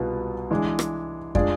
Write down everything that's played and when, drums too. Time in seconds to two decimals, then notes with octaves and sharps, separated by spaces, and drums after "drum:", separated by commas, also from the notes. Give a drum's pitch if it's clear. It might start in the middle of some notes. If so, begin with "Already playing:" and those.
Already playing: C2 B2 B3 F4
0.50 E3 G#3 D4
0.79 drum: rim click
1.35 G#3 D4 F4 G#4 D5, drum: kick